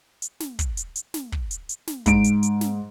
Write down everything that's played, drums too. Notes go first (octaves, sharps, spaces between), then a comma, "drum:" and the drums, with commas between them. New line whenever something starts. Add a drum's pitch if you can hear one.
drum: hi-hat
drum: snare
drum: kick, hi-hat
drum: hi-hat
drum: hi-hat
drum: snare
drum: kick
drum: hi-hat
drum: hi-hat
drum: snare
G#2 D7, drum: kick, hi-hat
drum: hi-hat
drum: hi-hat
drum: snare